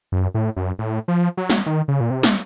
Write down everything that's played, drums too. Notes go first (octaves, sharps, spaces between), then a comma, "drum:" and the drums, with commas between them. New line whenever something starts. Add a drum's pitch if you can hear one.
F#2
A2
F#2
A2
F3
F#3
drum: snare
D#3
C#3
A#2
C3
drum: snare